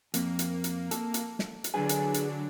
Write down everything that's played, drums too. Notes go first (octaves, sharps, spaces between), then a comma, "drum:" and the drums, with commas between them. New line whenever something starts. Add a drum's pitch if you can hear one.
F2 A#3, drum: hi-hat
drum: hi-hat
drum: hi-hat
A4, drum: hi-hat
drum: hi-hat
drum: snare
drum: hi-hat
D3 F#3 D4 G#4 B4 G#5
drum: hi-hat
drum: hi-hat